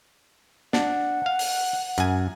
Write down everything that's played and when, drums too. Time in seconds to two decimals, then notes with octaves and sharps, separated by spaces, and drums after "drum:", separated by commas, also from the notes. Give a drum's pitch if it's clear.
0.73 D4 F#5, drum: snare
1.26 F5
1.39 drum: open hi-hat
1.98 F#2 G#5, drum: hi-hat